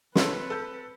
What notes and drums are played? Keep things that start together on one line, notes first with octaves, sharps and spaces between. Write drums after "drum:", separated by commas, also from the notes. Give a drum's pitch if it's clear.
C4 A4 B4 C#5 C6, drum: snare
A4 G6